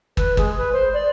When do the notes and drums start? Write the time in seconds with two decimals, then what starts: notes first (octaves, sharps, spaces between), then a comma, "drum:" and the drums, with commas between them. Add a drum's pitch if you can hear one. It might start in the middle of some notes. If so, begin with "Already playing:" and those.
0.17 B4, drum: kick
0.37 G#3, drum: kick
0.58 B4
0.73 C5
0.93 D5